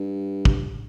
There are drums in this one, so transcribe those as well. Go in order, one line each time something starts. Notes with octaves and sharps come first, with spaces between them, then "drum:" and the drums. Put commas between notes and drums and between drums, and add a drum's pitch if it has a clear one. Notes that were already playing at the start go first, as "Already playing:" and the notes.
Already playing: G2
drum: kick